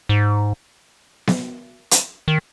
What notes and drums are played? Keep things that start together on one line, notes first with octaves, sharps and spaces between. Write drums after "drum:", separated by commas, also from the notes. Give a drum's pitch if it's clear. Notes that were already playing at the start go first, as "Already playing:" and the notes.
G#2
drum: snare B3
drum: hi-hat
D#3